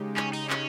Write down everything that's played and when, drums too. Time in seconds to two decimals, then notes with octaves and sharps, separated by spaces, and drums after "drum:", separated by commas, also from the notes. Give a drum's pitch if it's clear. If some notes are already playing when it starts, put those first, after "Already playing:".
Already playing: C#3 G#3 D#4 G4
0.17 C#4, drum: clap
0.33 D#4, drum: open hi-hat
0.50 C#4, drum: clap